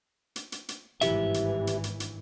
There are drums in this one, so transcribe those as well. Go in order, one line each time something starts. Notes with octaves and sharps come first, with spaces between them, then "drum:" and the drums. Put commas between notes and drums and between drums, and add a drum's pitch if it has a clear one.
drum: hi-hat
drum: hi-hat
drum: hi-hat
G#1 G2 E3 G4 E5, drum: hi-hat
drum: hi-hat
drum: hi-hat
drum: hi-hat
drum: hi-hat